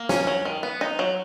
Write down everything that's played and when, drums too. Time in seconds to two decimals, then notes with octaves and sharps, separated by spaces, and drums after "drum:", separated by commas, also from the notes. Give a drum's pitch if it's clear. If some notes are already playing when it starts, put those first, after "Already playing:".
Already playing: A#3
0.09 C#4, drum: snare
0.27 F#3
0.45 D#3
0.63 B3
0.81 D#4
0.99 F#3